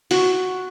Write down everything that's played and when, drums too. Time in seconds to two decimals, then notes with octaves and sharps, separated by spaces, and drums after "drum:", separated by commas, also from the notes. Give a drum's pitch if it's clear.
0.11 F#4, drum: open hi-hat